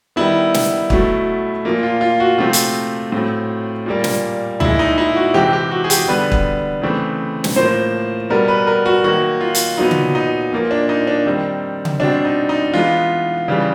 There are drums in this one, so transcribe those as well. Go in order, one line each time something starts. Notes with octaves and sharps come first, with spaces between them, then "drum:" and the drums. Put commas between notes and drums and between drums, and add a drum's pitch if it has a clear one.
D#3 G3 B3 E4
drum: snare
B2 F#3 A3, drum: kick
A#2 F3 A#3
F4
F4
F#4
C3 F3 A3 C4 F4
drum: hi-hat
A2 F#3 A3 C4
A#2 G3 A#3
drum: snare
A#2 F3 G#3 E4, drum: tom D2
D#4
E4
F#4
C3 E3 G#3 C4 G4
G4
F#4
G#4
G4, drum: hi-hat
D3 G3 B3 B4
drum: kick
C#3 E3 A3 C4
drum: snare
A2 F3 A#3 C5
B2 G3 B3 A#4
B4
A#4
F#4
D#3 F#3 A#3 F#4
F4
drum: hi-hat
A#2 F#3 B3 D#4
drum: tom C#3
D#4
A#2 F3 A#3
D4
D#4
D4
D#3 G3 C4
drum: tom C#3
B2 G3 C4 D4
D#4
D#4
E3 G#3 B3 F4
C#3 E3 G3